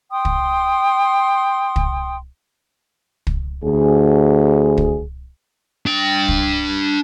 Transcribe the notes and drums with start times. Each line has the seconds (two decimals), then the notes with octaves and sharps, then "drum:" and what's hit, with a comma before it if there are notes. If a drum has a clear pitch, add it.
0.11 G5 C6 D#6
0.25 drum: kick
1.76 drum: kick
3.27 drum: kick
3.64 D2 G#4
4.78 drum: kick
5.86 D4 G5
6.28 drum: kick